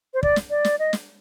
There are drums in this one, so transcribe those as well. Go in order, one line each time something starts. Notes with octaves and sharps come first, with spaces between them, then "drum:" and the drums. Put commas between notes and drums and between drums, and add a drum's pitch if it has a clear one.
C5
D5, drum: kick
drum: snare
D5
drum: snare
D#5
drum: snare